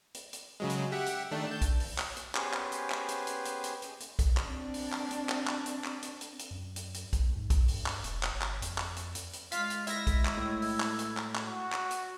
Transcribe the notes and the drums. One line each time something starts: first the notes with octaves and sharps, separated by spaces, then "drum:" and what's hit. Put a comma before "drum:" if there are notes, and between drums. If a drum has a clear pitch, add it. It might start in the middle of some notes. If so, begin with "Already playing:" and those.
drum: hi-hat
drum: hi-hat
C#3 F#3 G#3
drum: hi-hat
G4 E5 F#5
drum: hi-hat
D#3 A3 D4
A5 G6
drum: kick B1, hi-hat
drum: open hi-hat
drum: clap
drum: hi-hat
B3 C#4 G4 G#4 B4 C5, drum: clap
drum: clap
drum: hi-hat
drum: clap
drum: hi-hat
drum: hi-hat
drum: hi-hat
drum: hi-hat
drum: hi-hat
drum: hi-hat
drum: kick B1, hi-hat
drum: clap
C4 D4
drum: open hi-hat
drum: clap
drum: hi-hat
drum: clap
drum: clap
drum: hi-hat
drum: clap
drum: hi-hat
drum: hi-hat
drum: hi-hat
F#2
drum: hi-hat
drum: hi-hat
drum: kick B1, hi-hat
D#2
G#2
F2, drum: kick B1, hi-hat
G2, drum: open hi-hat
drum: clap
E1, drum: hi-hat
drum: clap
G1
drum: clap
F2, drum: hi-hat
drum: clap
drum: hi-hat
drum: hi-hat
drum: hi-hat
G#3 F4 F5 B6, drum: hi-hat
drum: hi-hat
E4 E5 A#6, drum: hi-hat
drum: kick B1, hi-hat
drum: clap
A2
drum: open hi-hat
drum: clap
drum: hi-hat
drum: clap
drum: clap
F#4
drum: clap
drum: hi-hat